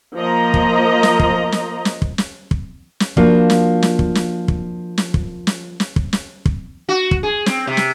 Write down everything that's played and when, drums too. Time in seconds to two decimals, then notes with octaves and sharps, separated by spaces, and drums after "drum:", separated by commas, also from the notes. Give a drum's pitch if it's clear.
0.15 F3 A#3 D#5 A#5
0.54 drum: kick
1.03 drum: snare
1.19 drum: kick
1.52 drum: snare
1.85 drum: snare
2.02 drum: kick
2.18 drum: snare
2.51 drum: kick
3.00 drum: snare
3.17 F3 A#3 D4 F4 F#4, drum: kick
3.50 drum: snare
3.82 drum: snare
3.99 drum: kick
4.15 drum: snare
4.48 drum: kick
4.98 drum: snare
5.14 drum: kick
5.47 drum: snare
5.80 drum: snare
5.96 drum: kick
6.13 drum: snare
6.46 drum: kick
6.89 F#4
7.11 drum: kick
7.23 G#4
7.46 C4, drum: snare
7.67 C3
7.77 drum: snare